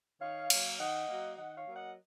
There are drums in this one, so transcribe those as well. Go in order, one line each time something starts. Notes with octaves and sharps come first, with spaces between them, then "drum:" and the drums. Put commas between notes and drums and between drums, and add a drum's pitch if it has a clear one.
D#3 C#5 F5
F#3 A#3, drum: cymbal
D#3 D#5 F#5
F#3 A#3
D#3 D#5 F#5
C#5 F5
F#3 A#3
D#5 F#5